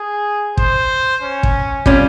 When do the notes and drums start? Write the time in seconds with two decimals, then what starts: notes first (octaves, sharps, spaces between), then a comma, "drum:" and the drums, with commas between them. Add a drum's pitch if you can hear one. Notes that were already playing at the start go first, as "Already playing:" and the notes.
Already playing: G#4
0.57 C5, drum: kick
1.22 C#4
1.43 drum: kick
1.86 G3 C#4 F4, drum: kick